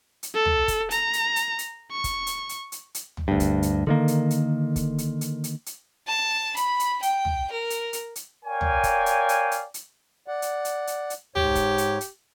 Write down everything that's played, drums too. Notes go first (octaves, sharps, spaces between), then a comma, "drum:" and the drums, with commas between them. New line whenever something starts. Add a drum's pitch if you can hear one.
drum: hi-hat
A4
drum: tom
drum: kick, hi-hat
A#5, drum: hi-hat
drum: hi-hat
drum: hi-hat
drum: hi-hat
C#6
drum: kick, hi-hat
drum: hi-hat
drum: hi-hat
drum: hi-hat
drum: hi-hat
drum: tom
D2 G2
drum: kick, hi-hat
drum: hi-hat
D3 D#3 A#3
drum: hi-hat
drum: hi-hat
drum: kick, hi-hat
drum: hi-hat
drum: hi-hat
drum: hi-hat
drum: hi-hat
A5
B5, drum: hi-hat
drum: hi-hat
G5, drum: hi-hat
drum: tom
A#4
drum: hi-hat
drum: hi-hat
drum: hi-hat
A#4 C#5 D5 F5 G5 G#5
drum: tom
drum: kick, hi-hat
drum: hi-hat
drum: hi-hat
drum: hi-hat
drum: hi-hat
D5 F#5
drum: hi-hat
drum: hi-hat
drum: hi-hat
drum: hi-hat
G#2 G4 C#5, drum: tom
drum: kick, hi-hat
drum: hi-hat
drum: hi-hat